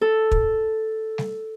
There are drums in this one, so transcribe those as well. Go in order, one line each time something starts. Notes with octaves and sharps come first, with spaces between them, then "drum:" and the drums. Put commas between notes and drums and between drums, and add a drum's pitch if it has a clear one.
A4
drum: kick
drum: snare G3